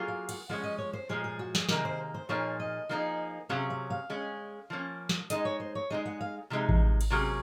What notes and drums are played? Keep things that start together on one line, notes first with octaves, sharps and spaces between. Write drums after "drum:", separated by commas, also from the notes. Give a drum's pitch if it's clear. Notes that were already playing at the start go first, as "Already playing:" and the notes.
Already playing: F#3 A#3 F4 G#4
F5
F#5, drum: cymbal
F3 G#3 C#4 F#5
D#5
C#5
C5
A#2 F3 G#3 G#4
G#4
F#4
G#4, drum: snare
C3 D#3 A#3 D#4 G#4 A#4, drum: snare
C5
C5
A#2 F3 A#3 D#4 G#4 C#5
D#5
F3 A#3 D#4 G#4
C3 F#3 C#4 G#4 F5
F5
F5
G#3 C#4 G#4
F3 A#3 C#4
drum: snare
G#3 D#4 G#4 D#5, drum: hi-hat
C#5
C5
C#5
G#3 D#4 G#4 D#5
F#5
F5
C3 F3 G#3 D#4
drum: kick A1
drum: cymbal
C3 F#3 A#3 C#4 G#4